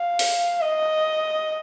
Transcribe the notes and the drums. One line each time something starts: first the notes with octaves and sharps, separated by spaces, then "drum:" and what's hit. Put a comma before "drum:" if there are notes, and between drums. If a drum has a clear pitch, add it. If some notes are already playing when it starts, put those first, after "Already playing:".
Already playing: F5
drum: open hi-hat
D#5